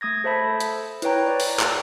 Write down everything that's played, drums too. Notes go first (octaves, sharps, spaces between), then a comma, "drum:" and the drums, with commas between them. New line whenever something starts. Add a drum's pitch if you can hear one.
A3 D#6 G#6 A#6
A4 C5 E5 A5 B5
drum: hi-hat
E4 B4 C#5 G5 A#5, drum: hi-hat
D5
drum: open hi-hat
drum: clap